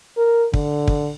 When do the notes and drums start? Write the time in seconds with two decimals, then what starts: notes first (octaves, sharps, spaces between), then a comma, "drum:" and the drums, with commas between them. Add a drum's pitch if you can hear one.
0.17 A#4
0.54 D3, drum: kick
0.88 drum: kick